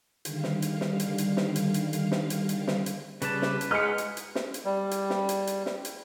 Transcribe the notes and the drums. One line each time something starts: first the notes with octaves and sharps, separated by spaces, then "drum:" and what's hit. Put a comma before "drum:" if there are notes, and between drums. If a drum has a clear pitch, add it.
D3 D#3 G3 F5, drum: hi-hat
drum: snare
drum: hi-hat
drum: snare
drum: hi-hat
drum: hi-hat
drum: snare
drum: hi-hat
drum: hi-hat
drum: hi-hat
drum: snare
drum: hi-hat
drum: hi-hat
drum: snare
drum: hi-hat
C#3 G3 B4 A5, drum: hi-hat
drum: snare
drum: hi-hat
G#3 D#4 F#5 F6 C#7
drum: hi-hat
drum: hi-hat
drum: snare
drum: hi-hat
G3
drum: hi-hat
drum: snare
drum: hi-hat
drum: hi-hat
drum: snare
drum: hi-hat